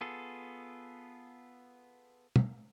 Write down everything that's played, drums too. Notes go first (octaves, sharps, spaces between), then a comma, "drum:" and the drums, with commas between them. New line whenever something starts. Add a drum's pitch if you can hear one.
B3 F4 G#4 A4
drum: tom